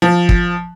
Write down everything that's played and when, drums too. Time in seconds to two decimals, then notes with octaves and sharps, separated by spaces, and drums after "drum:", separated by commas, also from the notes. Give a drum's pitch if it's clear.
0.02 F3
0.29 drum: kick